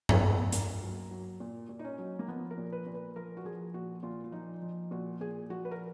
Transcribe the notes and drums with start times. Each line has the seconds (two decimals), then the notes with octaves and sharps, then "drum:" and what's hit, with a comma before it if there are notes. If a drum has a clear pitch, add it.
0.09 B3, drum: tom G2
0.24 A#2
0.30 B3
0.52 A#2 A#3, drum: hi-hat
0.81 F#3
1.11 F#3
1.40 A#2
1.69 A#2
1.79 D#4
1.84 C#4
1.98 F#3
2.19 A#3
2.28 F3 B3
2.51 A#4
2.58 A#2
2.72 B4
2.87 A#2
2.94 B4
3.16 F3 A#4
3.37 F#4
3.45 F3 G#4
3.74 A#2 F#4
4.03 A#2 F4
4.24 F4
4.32 F3 D#4
4.61 F3
4.91 A#2 F#4
5.21 A#2 G#4
5.50 F3 F#4
5.65 B4
5.71 A#4